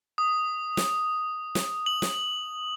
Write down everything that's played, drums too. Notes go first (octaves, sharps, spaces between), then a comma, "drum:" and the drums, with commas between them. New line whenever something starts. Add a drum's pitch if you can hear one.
D#6
drum: snare
drum: snare
F#7
drum: snare